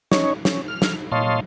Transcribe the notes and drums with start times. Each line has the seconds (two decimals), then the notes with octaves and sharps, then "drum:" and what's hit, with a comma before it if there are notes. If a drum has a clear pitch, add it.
0.12 C#4 D#4 C#5, drum: snare
0.45 C#4, drum: snare
0.68 F6
0.82 drum: snare
1.12 A#2 C#5 D#5 F5 A5 C6